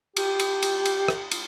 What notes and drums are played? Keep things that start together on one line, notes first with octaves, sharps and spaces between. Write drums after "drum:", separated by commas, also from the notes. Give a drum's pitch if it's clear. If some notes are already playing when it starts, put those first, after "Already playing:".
G4, drum: cymbal
drum: cymbal
drum: cymbal
drum: cymbal
drum: rim click
drum: cymbal